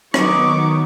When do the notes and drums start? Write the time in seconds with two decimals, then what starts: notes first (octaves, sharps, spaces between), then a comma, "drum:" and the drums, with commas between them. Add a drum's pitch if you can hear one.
0.14 D#3 F#3 B3 D#4 C#6 D6, drum: rim click